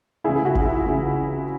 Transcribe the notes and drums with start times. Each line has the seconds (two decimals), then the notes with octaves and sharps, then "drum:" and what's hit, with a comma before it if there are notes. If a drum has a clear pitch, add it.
0.24 C#2 C#3 E3 E4 G#4
0.35 G#4
0.45 F#4
0.55 drum: kick G1
0.65 E4
0.85 C#2 C#3 E3